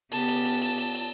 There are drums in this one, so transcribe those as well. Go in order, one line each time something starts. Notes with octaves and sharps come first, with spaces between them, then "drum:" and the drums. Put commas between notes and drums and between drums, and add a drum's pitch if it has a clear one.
C#3 B3 G4 A5, drum: cymbal
drum: cymbal
drum: cymbal
drum: cymbal
drum: cymbal
drum: cymbal